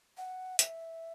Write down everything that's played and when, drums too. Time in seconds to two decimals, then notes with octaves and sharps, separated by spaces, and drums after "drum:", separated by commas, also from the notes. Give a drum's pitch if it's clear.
0.17 F#5
0.59 E5, drum: hi-hat